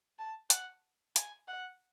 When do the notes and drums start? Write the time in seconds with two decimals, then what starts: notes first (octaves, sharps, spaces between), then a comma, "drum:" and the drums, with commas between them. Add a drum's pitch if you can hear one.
0.19 A5
0.50 F#5, drum: hi-hat
1.16 G#5, drum: hi-hat
1.48 F#5